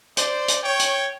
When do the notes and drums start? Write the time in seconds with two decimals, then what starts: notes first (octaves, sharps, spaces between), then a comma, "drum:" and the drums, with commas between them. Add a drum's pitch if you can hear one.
0.17 C5 D5, drum: hi-hat
0.48 drum: hi-hat
0.63 C#5 G5
0.80 drum: hi-hat